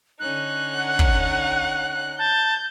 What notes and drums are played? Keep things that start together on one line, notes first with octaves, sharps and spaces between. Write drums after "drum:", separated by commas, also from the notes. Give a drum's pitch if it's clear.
D3 C#4 D#4 F#6
F#5
drum: kick
A5 G6